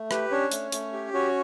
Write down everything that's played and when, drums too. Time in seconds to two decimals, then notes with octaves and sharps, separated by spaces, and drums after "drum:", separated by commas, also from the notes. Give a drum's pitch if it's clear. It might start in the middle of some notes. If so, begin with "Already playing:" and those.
Already playing: A3
0.11 G4 B4, drum: rim click
0.31 C#4 D4 C#5
0.51 A3, drum: hi-hat
0.72 A3, drum: hi-hat
0.93 G4
1.13 C#4 F#4 C#5